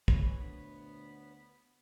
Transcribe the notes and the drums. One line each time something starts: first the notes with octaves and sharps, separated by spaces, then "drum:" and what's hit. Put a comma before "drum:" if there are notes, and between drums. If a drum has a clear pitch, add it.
A#2 E3 B4 C#5, drum: kick
D2 B3